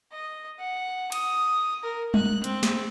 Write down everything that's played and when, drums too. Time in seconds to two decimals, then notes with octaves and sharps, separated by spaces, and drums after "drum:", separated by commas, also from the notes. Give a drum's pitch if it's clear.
0.13 D#5
0.59 F#5
1.12 D#6, drum: cymbal
1.83 A#4
2.14 F#6, drum: tom G3
2.44 C4, drum: hi-hat
2.63 drum: snare